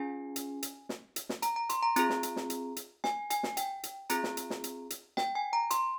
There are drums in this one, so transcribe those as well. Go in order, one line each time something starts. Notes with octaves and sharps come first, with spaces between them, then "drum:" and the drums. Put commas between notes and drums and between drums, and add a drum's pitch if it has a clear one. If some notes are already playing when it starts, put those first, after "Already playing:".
Already playing: C#4 F4 G#4 G#5
drum: hi-hat
drum: hi-hat
drum: snare
drum: hi-hat
drum: snare
A#5, drum: hi-hat
A#5
C6, drum: hi-hat
A#5
C4 F4 G#4 A#5, drum: hi-hat
drum: snare
drum: hi-hat
drum: snare
drum: hi-hat
drum: hi-hat
G#5, drum: snare
G#5, drum: hi-hat
drum: snare
G5, drum: hi-hat
drum: hi-hat
C4 F4 G#4 A#5, drum: hi-hat
drum: snare
drum: hi-hat
drum: snare
drum: hi-hat
drum: hi-hat
G5, drum: snare
G#5
A#5
C6, drum: hi-hat